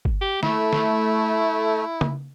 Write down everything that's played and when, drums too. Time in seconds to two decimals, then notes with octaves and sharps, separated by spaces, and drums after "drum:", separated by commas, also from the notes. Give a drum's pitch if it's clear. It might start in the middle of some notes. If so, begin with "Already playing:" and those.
0.05 drum: kick G1
0.21 G4
0.43 A3 E4, drum: snare
0.73 drum: snare
2.01 drum: tom C#3